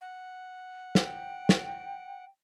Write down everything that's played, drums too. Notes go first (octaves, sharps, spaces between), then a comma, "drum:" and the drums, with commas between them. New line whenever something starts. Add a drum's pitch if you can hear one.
F#5
G5, drum: snare
drum: snare